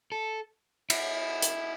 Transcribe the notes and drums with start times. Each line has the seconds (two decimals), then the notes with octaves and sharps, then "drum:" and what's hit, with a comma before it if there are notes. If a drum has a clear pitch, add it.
0.12 A4
0.90 E4, drum: cymbal
1.42 drum: hi-hat